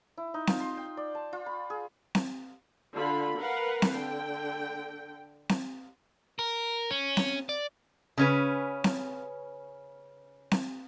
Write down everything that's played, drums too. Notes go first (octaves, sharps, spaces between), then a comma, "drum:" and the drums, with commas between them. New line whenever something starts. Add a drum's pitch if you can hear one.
E4
D#4
F4, drum: snare C4
C6
G5
D5
A5
F4
B5
G#4
drum: snare C4
D3 F4 B5
A#4 B4 F5 F#5
drum: snare C4
D3 G5
drum: snare C4
A#4
C#4
drum: snare C4
D5
C#3 C#4 B4
drum: snare C4
drum: snare C4